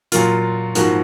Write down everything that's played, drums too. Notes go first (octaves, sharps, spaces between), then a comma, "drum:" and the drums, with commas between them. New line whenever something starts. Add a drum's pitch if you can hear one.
A#2 F#3 A#3 F4, drum: hi-hat
G#2 F3 A#3 F#4, drum: hi-hat